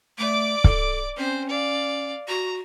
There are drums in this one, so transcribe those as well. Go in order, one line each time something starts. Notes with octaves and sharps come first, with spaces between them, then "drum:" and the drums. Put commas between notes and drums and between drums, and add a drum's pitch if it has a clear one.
A3 D5 D6
A4, drum: kick
C4 C#4 C5
D5 F5
F#4 A#5